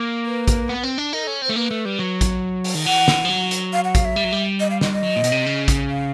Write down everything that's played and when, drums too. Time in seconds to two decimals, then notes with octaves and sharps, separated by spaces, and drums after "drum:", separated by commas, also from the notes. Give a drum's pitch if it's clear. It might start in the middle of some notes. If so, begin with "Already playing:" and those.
Already playing: A#3
0.26 B4
0.48 drum: kick A1, hi-hat
0.69 B3
0.83 C4
0.98 D4
1.13 D#4 A#4
1.23 A4
1.27 C#4
1.42 C4 C5
1.49 A3
1.56 A#3 B4
1.71 A3
1.85 G3
1.99 F#3
2.21 drum: kick A1, hi-hat
2.64 drum: open hi-hat
2.75 D#3
2.86 E3 F#5
3.08 drum: snare
3.25 F3
3.29 F#3
3.51 drum: hi-hat
3.73 F5
3.84 F#5
3.95 F5, drum: kick A1, hi-hat
4.05 E5
4.16 G3
4.24 F#3
4.32 G3
4.60 D#5
4.70 F5
4.81 D#5, drum: snare
4.93 D#5
5.03 F#3
5.16 A#2
5.24 B2, drum: hi-hat
5.32 C3
5.46 C#3
5.68 drum: kick A1, hi-hat
5.90 F5